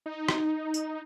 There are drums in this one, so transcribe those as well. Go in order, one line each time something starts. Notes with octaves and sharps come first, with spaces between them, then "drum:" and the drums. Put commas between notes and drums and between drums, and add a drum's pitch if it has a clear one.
D#4
drum: rim click
drum: tambourine